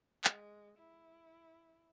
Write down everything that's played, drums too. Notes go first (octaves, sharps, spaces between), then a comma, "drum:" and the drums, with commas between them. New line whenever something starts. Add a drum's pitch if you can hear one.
G#3, drum: clap
E4